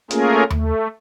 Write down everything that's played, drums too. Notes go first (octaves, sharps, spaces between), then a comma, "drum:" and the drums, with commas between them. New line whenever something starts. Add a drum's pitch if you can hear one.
A3 A#3 C#4 F4 G#4 A#4, drum: hi-hat
A3, drum: tom D#2